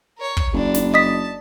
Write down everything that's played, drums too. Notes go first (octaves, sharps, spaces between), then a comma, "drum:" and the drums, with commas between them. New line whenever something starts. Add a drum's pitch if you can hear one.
A#4 C#5
drum: kick
F#1 D4
drum: snare
D#5 A5 D#6 B6